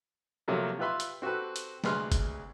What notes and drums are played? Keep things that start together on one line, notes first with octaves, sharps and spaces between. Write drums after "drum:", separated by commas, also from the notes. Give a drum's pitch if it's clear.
C3 F3 F#3 A3 A#3
F4 G4 B4 E5 B5 C6
drum: hi-hat
C4 F#4 G4 A4 B4
drum: hi-hat
D2 C3 G#3 B4 C6 F6, drum: snare
drum: kick G1, hi-hat